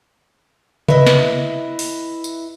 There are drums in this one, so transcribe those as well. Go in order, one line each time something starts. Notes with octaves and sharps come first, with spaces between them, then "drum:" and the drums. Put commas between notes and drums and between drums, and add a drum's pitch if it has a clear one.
E4 B4 D#5 E5, drum: tom C3
drum: snare
drum: open hi-hat
drum: tambourine